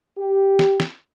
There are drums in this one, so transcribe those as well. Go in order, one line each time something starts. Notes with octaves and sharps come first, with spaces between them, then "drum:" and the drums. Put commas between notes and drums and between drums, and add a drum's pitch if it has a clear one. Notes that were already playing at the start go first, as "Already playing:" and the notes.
G4
drum: snare
drum: snare